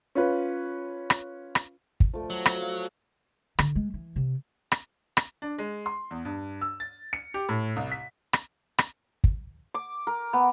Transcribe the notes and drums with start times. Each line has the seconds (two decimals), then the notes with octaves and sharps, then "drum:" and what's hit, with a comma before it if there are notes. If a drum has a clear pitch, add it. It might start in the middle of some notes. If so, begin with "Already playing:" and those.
0.15 C#4 F4 B4
1.10 drum: rim click
1.55 drum: rim click
2.00 drum: kick
2.14 F3 A3
2.30 F#3
2.46 drum: rim click
2.62 F5
3.59 D3, drum: rim click
3.75 G#3
3.94 E3
4.16 C3
4.72 drum: rim click
5.17 drum: rim click
5.42 D4
5.58 G#3
5.86 C6
6.11 E2
6.25 G2
6.61 E6
6.80 A6
7.13 C#7
7.34 G4
7.49 A2
7.76 C2
7.92 B6
8.33 drum: rim click
8.78 drum: rim click
9.24 drum: kick
9.74 D6
10.07 A#4
10.33 B3